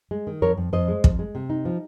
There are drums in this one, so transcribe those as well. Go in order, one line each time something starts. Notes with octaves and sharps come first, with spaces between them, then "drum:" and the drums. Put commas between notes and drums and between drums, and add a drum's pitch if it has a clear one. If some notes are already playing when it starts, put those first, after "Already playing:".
G#3
D#3
F2 A#4 C#5
F2
F2 C5 D#5
G#3
F2, drum: kick
G#3
C3
D#4
F3